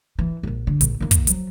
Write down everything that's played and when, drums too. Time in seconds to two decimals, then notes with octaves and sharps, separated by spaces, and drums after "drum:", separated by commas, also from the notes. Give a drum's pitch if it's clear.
0.19 E3
0.43 E1 A#1
0.67 D3
0.81 A#1 A#2, drum: hi-hat
1.00 D#3 A#3
1.11 drum: kick, hi-hat
1.27 F3 F#3, drum: hi-hat